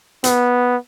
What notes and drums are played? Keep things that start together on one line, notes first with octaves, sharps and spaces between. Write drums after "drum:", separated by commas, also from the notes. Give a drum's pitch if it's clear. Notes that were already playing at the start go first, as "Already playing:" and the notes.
B3, drum: hi-hat